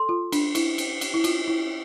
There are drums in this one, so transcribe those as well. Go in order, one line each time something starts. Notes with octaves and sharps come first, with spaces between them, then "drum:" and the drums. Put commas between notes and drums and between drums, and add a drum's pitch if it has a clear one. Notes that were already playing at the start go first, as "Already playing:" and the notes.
Already playing: A4 C6
F4
D4, drum: cymbal
E4, drum: cymbal
drum: cymbal
drum: cymbal
E4
F4, drum: cymbal
E4